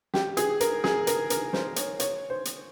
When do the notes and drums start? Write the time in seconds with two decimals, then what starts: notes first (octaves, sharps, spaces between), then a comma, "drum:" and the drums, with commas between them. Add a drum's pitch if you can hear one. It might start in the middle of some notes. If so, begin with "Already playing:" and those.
0.14 G4, drum: snare
0.37 G#4, drum: hi-hat
0.61 A#4, drum: hi-hat
0.84 G#4, drum: snare
1.07 A#4, drum: hi-hat
1.30 A#4, drum: hi-hat
1.53 C5, drum: snare
1.76 C#5, drum: hi-hat
2.00 C#5, drum: hi-hat
2.30 C5
2.45 drum: hi-hat